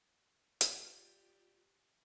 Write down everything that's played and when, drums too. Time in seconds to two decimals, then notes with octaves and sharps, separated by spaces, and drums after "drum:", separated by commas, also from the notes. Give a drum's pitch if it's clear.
0.61 F4 G4 D5, drum: hi-hat